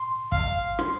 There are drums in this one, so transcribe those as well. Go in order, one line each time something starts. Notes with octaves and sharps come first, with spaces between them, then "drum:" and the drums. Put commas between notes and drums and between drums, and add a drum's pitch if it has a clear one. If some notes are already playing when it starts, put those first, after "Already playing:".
Already playing: C6
F5, drum: kick
C6, drum: rim click